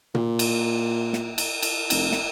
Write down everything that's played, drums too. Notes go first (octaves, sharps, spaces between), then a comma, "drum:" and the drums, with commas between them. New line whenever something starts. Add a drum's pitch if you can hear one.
A#2, drum: tom A#2
drum: cymbal
drum: snare
drum: cymbal
drum: cymbal
F1, drum: cymbal
drum: snare